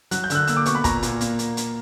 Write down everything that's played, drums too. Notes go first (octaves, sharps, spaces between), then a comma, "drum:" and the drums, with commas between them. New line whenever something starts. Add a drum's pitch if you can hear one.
F#3 F#6, drum: hi-hat
G6
D3 E6, drum: hi-hat
F#6
A#3 E6, drum: hi-hat
D6
B2 C#6, drum: hi-hat
B5
A#2 A#5, drum: kick, hi-hat
A#2, drum: hi-hat
A#3, drum: hi-hat
drum: hi-hat
drum: hi-hat